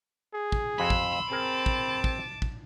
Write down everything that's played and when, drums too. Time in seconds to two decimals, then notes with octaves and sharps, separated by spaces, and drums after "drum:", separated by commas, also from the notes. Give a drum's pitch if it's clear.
0.33 G#4
0.52 drum: kick
0.79 F2 F#4 G#5 B5 C6 E6
0.90 drum: kick
1.31 C4 G#4 A#4 A5 D6
1.66 drum: kick
2.04 drum: kick
2.42 drum: kick